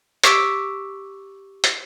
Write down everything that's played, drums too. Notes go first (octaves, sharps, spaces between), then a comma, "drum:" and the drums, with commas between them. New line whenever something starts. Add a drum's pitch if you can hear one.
G4 C#6 D6 E6 B6 D7, drum: hi-hat
drum: hi-hat